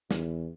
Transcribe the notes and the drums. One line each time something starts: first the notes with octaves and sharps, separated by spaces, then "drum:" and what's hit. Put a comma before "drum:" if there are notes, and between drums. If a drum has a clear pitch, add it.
E2, drum: snare